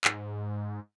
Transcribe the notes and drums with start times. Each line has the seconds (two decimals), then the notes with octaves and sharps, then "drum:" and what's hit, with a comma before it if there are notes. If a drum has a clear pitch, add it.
0.04 G#2, drum: clap